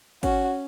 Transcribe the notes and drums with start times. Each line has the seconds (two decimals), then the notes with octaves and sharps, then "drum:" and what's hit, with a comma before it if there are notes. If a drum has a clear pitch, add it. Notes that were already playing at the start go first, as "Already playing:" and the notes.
0.23 C#4 F#4, drum: kick G#1, cymbal